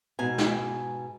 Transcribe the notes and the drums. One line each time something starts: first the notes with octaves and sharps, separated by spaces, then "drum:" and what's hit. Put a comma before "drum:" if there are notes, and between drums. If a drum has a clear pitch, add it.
G#2 B2 G#5
drum: snare